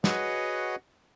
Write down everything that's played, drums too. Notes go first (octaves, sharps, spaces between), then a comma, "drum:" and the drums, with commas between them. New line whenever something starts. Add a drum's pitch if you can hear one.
F#4 G#4 B4 C#5 D#5 F#5, drum: snare